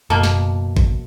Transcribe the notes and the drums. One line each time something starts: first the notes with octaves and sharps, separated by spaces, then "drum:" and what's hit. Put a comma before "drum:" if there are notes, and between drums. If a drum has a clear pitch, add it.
F#1 B2 A#3 A5
drum: snare
drum: kick G#1